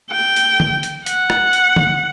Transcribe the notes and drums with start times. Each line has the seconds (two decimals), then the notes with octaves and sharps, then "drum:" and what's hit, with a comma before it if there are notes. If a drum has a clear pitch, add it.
0.11 G5
0.36 drum: hi-hat
0.60 drum: tom
0.83 drum: hi-hat
1.06 F#5, drum: hi-hat
1.30 drum: rim click
1.53 drum: hi-hat
1.76 drum: tom